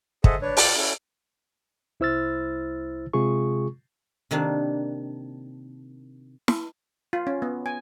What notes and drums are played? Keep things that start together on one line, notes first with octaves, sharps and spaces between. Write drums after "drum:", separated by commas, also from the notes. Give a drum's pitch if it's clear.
G#4 A4 C5 D#5 E5 F#5, drum: kick
D4 B4 C#5
F4 D5 F#5 G5 A5, drum: open hi-hat
C#4 E4 F#4 A4
C2 E4 C5 E6 F6 A6
C3 G#3 F4 G#4 C#6
C3 D#3 A#3 D4
drum: snare
F4
C#4
B3
G#5